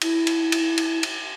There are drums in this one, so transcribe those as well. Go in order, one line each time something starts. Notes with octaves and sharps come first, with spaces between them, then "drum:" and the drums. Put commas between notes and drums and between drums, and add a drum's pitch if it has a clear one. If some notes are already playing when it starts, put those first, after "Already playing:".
E4, drum: cymbal
drum: cymbal
drum: cymbal
drum: cymbal
drum: cymbal